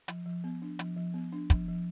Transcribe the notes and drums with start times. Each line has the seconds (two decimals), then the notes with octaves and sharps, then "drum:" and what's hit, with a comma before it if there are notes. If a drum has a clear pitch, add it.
0.08 F3, drum: hi-hat
0.26 F3
0.44 B3
0.62 D4
0.79 F3, drum: hi-hat
0.96 F3
1.14 B3
1.32 D4
1.50 F3, drum: kick, hi-hat
1.68 F3